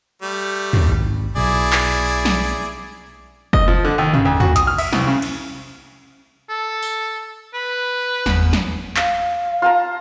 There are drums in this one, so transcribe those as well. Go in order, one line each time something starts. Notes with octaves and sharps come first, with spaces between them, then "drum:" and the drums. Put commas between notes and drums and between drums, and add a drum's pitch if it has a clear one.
G3 A3
drum: tom
G#1
B1 E4 G#4 D5
drum: clap
drum: snare
D#5, drum: kick
F3
D3
D#2
C#3, drum: tom
D2
F#4, drum: tom
D#6, drum: hi-hat
F6
E5, drum: cymbal
C2, drum: snare
C#3
drum: cymbal
A4
drum: tambourine
B4
G1 E2, drum: snare
drum: snare
F5, drum: clap
F4 A5 A#5